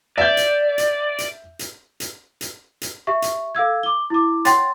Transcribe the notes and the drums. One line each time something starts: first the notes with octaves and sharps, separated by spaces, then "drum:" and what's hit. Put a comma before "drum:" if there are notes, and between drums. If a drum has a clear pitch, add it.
D5 E5 G6
drum: hi-hat
drum: hi-hat
drum: hi-hat
drum: hi-hat
drum: hi-hat
drum: hi-hat
drum: hi-hat
G4 E5 C#6
drum: hi-hat
A4 F5 E6 G#6
D6 G7
E4 D6
C#5 F#5 G5 C6 A6, drum: hi-hat